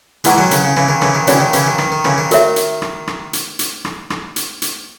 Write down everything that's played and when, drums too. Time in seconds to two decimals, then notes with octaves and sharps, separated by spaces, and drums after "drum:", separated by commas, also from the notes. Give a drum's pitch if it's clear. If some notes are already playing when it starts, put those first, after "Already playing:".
0.24 E3 G#3 E4 B4 F#5 A#5 C#6, drum: hi-hat
0.38 D#3 F#3
0.51 C#3, drum: hi-hat
0.64 C#3
0.77 C#3 E3, drum: rim click
0.89 D#3
1.02 C#3 E3, drum: rim click
1.15 D#3
1.27 C#3 E3 C#4 F#4 C#5, drum: hi-hat
1.40 D#3
1.53 C#3 E3, drum: hi-hat
1.67 D#3
1.78 D#3, drum: rim click
1.92 D#3
2.04 C#3 E3, drum: rim click
2.18 D#3
2.31 F#4 A#4 C#5 E5, drum: hi-hat
2.56 drum: hi-hat
2.82 drum: rim click
3.07 drum: rim click
3.33 drum: hi-hat
3.59 drum: hi-hat
3.85 drum: rim click
4.10 drum: rim click
4.36 drum: hi-hat
4.62 drum: hi-hat